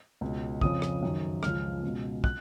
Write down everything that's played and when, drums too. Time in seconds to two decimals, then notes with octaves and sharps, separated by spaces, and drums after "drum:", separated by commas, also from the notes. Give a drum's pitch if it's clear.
0.21 C#2 B2
0.61 F2 C#3 F3 D#6, drum: kick
0.82 drum: rim click
1.03 F#2 D#3
1.43 C#2 C#3 F3 F6, drum: rim click
1.83 C#2 B2
2.24 F#6, drum: kick